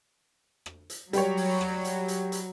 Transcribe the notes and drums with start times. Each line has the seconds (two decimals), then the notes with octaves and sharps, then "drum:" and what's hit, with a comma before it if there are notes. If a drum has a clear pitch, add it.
0.66 drum: rim click
0.90 drum: hi-hat
1.13 F#3 G3 G4 C#5, drum: hi-hat
1.37 drum: open hi-hat
1.61 drum: rim click
1.85 drum: hi-hat
2.08 drum: hi-hat
2.32 drum: hi-hat